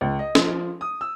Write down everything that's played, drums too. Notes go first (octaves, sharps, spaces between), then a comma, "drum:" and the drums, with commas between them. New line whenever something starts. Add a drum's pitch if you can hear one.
C#2
D#5
F3, drum: snare
D#6
E6